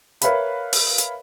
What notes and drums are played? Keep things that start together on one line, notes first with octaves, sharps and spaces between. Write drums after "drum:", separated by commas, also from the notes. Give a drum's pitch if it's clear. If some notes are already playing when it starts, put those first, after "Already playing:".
A#4 B4 C#5 E5 F5 B5, drum: hi-hat
drum: open hi-hat
drum: hi-hat